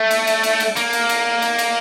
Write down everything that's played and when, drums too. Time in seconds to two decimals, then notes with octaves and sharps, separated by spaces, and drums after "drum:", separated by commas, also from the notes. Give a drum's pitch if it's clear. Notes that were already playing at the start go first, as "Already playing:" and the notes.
Already playing: A3
0.11 drum: cymbal
0.27 drum: cymbal
0.43 drum: cymbal
0.60 drum: cymbal
0.76 A#3, drum: cymbal
0.93 drum: cymbal
1.09 drum: cymbal
1.42 drum: cymbal
1.58 drum: cymbal